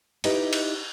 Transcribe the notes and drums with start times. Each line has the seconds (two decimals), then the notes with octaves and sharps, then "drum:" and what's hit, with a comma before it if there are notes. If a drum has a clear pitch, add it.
0.24 D#4 E4 G4 B4 D#5, drum: cymbal
0.53 drum: cymbal